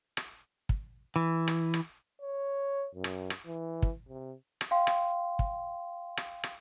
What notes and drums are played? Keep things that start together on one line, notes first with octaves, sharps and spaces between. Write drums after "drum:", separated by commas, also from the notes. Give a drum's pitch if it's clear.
drum: rim click
drum: kick
E3
drum: rim click
drum: rim click
C#5
F#2
drum: rim click
drum: rim click
E3
drum: kick
C3
drum: rim click
F5 G5 C6
drum: rim click
drum: kick
drum: rim click
drum: rim click